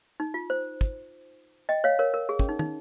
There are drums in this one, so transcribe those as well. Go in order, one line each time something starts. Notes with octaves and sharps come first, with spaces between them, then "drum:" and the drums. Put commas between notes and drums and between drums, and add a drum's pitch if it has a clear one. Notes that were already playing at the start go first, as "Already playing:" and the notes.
D#4
F4
C5
drum: kick
D#5 G5
C#5 F5
A#4 C#5
A#4
G#4
C#4, drum: kick
D#4
D#4, drum: tom